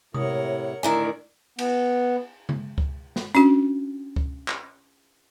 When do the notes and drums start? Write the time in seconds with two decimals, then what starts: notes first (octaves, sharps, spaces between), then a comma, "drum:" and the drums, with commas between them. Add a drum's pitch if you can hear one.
0.14 A2 C3 E4 A#4 C#5 F#5 D#6, drum: tom C3
0.83 A2 D3 D#3 E4 D5 G#5 A#5
1.59 B3, drum: cymbal
2.49 drum: tom C#3
2.78 drum: kick C#2
3.16 drum: snare
3.35 C#4 D4 F#4, drum: hi-hat
4.16 drum: kick C#2
4.48 drum: clap